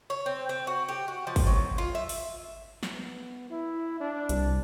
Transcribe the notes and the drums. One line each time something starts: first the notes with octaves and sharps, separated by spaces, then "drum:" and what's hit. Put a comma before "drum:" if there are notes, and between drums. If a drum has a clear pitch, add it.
C#5
C4
C4
F#4
G4
F#4
F3
drum: kick, open hi-hat
F#3
F4
E5
drum: open hi-hat
drum: snare
B3
E4
D4
C2, drum: hi-hat